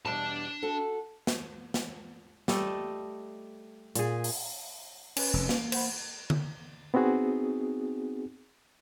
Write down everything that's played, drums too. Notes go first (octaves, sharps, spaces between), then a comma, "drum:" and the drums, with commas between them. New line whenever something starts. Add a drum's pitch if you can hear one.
E2 B2 G3 D4 A5
F#4 A4
drum: snare
drum: snare
G3 A3 A4 D#5, drum: snare
A#2 G#4, drum: hi-hat
drum: open hi-hat
C#4 B4, drum: cymbal
F1
A#3, drum: snare
C5 F#5 B5, drum: cymbal
drum: tom D3
B3 C4 D#4 F#4 G#4